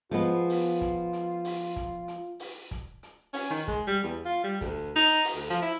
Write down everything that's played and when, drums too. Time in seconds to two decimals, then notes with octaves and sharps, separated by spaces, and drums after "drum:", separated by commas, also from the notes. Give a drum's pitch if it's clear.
0.11 F3 G#3 B3 F4
0.50 drum: open hi-hat
0.81 drum: kick, hi-hat
1.13 drum: hi-hat
1.45 drum: open hi-hat
1.76 drum: kick, hi-hat
2.08 drum: hi-hat
2.40 drum: open hi-hat
2.71 drum: kick, hi-hat
3.03 drum: hi-hat
3.34 C#4, drum: open hi-hat
3.50 D#3
3.68 G#3, drum: kick
3.87 G3
4.03 E2
4.25 F4
4.44 G3
4.61 D2, drum: kick, hi-hat
4.96 D#4
5.24 drum: open hi-hat
5.36 D2
5.50 F3
5.62 E4